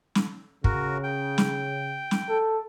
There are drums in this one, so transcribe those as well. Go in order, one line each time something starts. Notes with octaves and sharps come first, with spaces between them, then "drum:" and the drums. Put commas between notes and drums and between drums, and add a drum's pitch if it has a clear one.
drum: snare
C#3 F#4 A#4, drum: kick
G5
drum: snare
drum: snare
A4